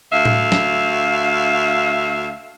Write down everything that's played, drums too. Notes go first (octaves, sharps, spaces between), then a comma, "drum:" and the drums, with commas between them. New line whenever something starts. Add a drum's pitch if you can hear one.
D2 F#4 E5 F5
drum: tom A2
drum: snare